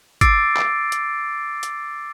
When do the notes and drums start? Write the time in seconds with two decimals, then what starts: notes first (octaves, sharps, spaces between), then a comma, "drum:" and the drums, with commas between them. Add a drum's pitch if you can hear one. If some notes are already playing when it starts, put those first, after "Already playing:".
0.21 D6 E6 A6 C7 D7, drum: kick, hi-hat
0.57 drum: clap
0.92 drum: hi-hat
1.63 drum: hi-hat